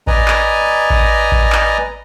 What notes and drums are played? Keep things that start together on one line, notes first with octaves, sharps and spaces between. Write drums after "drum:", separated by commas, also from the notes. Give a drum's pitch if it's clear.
B4 D5 D#5 G#5 A#5, drum: kick A1
drum: clap
drum: kick A1
drum: kick A1
drum: clap